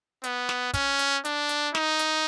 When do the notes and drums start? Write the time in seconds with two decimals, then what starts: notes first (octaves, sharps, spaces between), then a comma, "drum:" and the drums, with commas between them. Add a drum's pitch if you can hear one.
0.24 B3, drum: hi-hat
0.49 drum: snare
0.74 C#4, drum: kick, hi-hat
0.99 drum: hi-hat
1.25 D4, drum: hi-hat
1.49 drum: hi-hat
1.75 D#4, drum: snare
1.99 drum: hi-hat